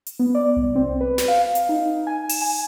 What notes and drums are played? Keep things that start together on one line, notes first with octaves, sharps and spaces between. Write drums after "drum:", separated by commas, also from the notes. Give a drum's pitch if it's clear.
drum: hi-hat
B3
D5
C2
C4
B4
drum: snare
F5
drum: hi-hat
D#4
G#5
E7, drum: open hi-hat
G#5